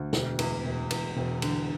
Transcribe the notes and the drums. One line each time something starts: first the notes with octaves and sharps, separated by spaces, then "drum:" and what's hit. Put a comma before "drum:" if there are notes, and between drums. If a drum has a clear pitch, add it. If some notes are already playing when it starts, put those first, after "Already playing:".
Already playing: D2
E1, drum: snare
E2, drum: cymbal
E1
E2, drum: cymbal
E1
D3, drum: cymbal